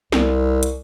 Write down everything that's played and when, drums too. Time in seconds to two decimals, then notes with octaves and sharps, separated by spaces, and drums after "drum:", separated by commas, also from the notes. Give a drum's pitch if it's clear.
0.12 C2, drum: snare
0.63 drum: hi-hat